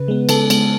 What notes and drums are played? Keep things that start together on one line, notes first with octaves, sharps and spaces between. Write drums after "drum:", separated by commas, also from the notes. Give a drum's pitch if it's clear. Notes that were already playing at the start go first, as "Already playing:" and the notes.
Already playing: C#3 B4
G#3 B3
C#3 A4, drum: cymbal
G#3 B3, drum: cymbal